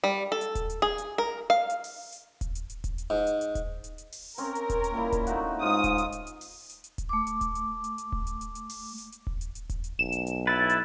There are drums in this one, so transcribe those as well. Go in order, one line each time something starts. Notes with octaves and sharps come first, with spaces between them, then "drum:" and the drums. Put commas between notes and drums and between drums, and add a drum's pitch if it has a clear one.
G3
A4
drum: hi-hat
drum: kick D#1, hi-hat
drum: hi-hat
G#4
drum: hi-hat
A#4
F5
drum: hi-hat
drum: open hi-hat
drum: hi-hat
drum: kick D#1, hi-hat
drum: hi-hat
drum: hi-hat
drum: kick D#1, hi-hat
drum: hi-hat
G#2
drum: hi-hat
drum: hi-hat
drum: kick D#1, hi-hat
drum: hi-hat
drum: hi-hat
drum: open hi-hat
C4 C#4 A#4, drum: hi-hat
drum: hi-hat
drum: kick D#1, hi-hat
drum: hi-hat
F3 G3 A#3 E4
drum: kick D#1, hi-hat
A3 D#4 F#4, drum: hi-hat
G#2 F4 C#5 D#6
drum: kick D#1, hi-hat
drum: hi-hat
drum: hi-hat
drum: hi-hat
drum: open hi-hat
drum: hi-hat
drum: hi-hat
drum: kick D#1, hi-hat
A3 D6
drum: hi-hat
drum: kick D#1, hi-hat
drum: hi-hat
drum: hi-hat
drum: hi-hat
drum: kick D#1
drum: hi-hat
drum: hi-hat
drum: hi-hat
drum: open hi-hat
drum: hi-hat
drum: hi-hat
drum: kick D#1
drum: hi-hat
drum: hi-hat
drum: kick D#1, hi-hat
drum: hi-hat
B1 E7
drum: hi-hat
drum: hi-hat
E4 B4 A6
drum: hi-hat